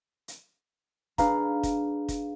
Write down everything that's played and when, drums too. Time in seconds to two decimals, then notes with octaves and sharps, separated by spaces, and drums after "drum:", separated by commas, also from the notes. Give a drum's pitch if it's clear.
0.28 drum: hi-hat
1.18 D4 G#4 B4 F5 A#5, drum: kick, hi-hat
1.63 drum: kick, hi-hat
2.08 drum: kick, hi-hat